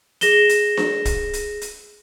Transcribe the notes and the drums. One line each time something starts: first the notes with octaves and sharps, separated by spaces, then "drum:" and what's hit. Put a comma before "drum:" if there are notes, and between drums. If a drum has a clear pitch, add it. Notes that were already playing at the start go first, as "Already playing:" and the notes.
G#4 A#6 E7 G7, drum: hi-hat
drum: hi-hat
drum: snare D4
drum: kick, hi-hat
drum: hi-hat
drum: hi-hat